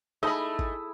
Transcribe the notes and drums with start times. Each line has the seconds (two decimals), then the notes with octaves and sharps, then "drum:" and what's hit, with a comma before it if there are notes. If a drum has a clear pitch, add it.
0.23 A3 D#4 E4 G#4 A4 D#5 A5 B5
0.59 drum: kick G#1